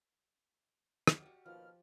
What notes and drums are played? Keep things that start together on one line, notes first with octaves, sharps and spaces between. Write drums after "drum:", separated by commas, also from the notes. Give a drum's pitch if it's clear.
drum: rim click
F#4 G4
D#2 B2 F3 F6